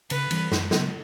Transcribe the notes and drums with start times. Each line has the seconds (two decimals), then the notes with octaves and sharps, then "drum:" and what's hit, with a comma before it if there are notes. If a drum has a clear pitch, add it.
0.10 C#3 B4, drum: cymbal
0.31 E3 G3 C4, drum: cymbal
0.52 F#2, drum: snare
0.71 C#3 F#3 B3, drum: snare